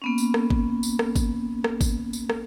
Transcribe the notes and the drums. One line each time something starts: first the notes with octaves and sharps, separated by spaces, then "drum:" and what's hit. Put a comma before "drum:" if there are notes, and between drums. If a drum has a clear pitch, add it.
A#3 B3 C#4
drum: tambourine
drum: rim click
drum: kick
drum: tambourine
drum: rim click
drum: kick, tambourine
drum: rim click
drum: kick, tambourine
drum: tambourine
drum: rim click